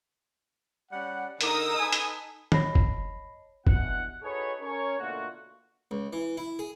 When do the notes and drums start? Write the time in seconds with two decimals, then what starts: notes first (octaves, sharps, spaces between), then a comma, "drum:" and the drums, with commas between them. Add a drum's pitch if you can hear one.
0.91 G3 C#4 F#5
1.41 D3 D#4 G#4 A#4 D#6 E6, drum: hi-hat
1.79 A4 B4 G#5
1.93 drum: hi-hat
2.52 C#5 D#5 A5 B5 A#6 C7, drum: tom
2.75 drum: kick
3.67 G2 B2 E3 F#5, drum: kick
4.23 D#4 F#4 G#4 A4 B4 C#5
4.61 C#4 A#4 C#5
4.99 B2 D3 A3 A#3 F4 F#4
5.91 C#2
6.13 E3
6.37 E4
6.59 G#4